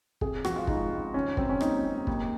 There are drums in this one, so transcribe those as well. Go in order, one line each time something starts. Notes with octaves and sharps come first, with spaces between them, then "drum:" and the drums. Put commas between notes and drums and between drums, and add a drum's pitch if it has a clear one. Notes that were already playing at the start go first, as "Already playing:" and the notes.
C3 G#4, drum: kick
F3 F#4, drum: rim click
F4
C#2 D#4, drum: kick
C#2
D#3 C#4
F#3 C4, drum: kick
C#4
D#2 D#4, drum: rim click
D#2
D#2, drum: kick